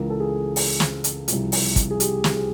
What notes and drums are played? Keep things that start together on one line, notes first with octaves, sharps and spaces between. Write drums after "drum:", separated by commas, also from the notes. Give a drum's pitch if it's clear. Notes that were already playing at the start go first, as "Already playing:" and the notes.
Already playing: C#2 C#3 E3 A#4
A4
G#4
drum: open hi-hat
drum: snare
drum: hi-hat
C2 C3 F3, drum: hi-hat
drum: open hi-hat
drum: kick, hi-hat
G#4
G4, drum: hi-hat
drum: snare
G#4